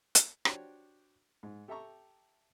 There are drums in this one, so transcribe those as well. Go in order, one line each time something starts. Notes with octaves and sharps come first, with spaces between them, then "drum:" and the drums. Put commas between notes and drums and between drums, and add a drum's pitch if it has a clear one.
drum: hi-hat
D4 F#4 G4 C5 C#5, drum: rim click
G#2
G4 A4 E5 G5 A#5 C#6